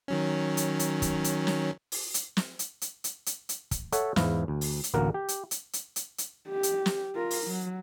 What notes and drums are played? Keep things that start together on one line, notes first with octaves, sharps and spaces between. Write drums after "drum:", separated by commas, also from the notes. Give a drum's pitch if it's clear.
D#3 F#3 C#4
drum: hi-hat
drum: hi-hat
drum: kick, hi-hat
drum: hi-hat
drum: snare
drum: open hi-hat
drum: hi-hat
drum: snare
drum: hi-hat
drum: hi-hat
drum: hi-hat
drum: hi-hat
drum: hi-hat
drum: kick, hi-hat
A4 C#5 E5 F#5, drum: hi-hat
E2 G#2 E4 F5, drum: snare
D2
drum: open hi-hat
drum: hi-hat
A1 D2 A#3 A#4 F#5
G4
drum: hi-hat
drum: hi-hat
drum: hi-hat
drum: hi-hat
drum: hi-hat
G4
drum: hi-hat
drum: snare
F4 A#4
drum: open hi-hat
F#3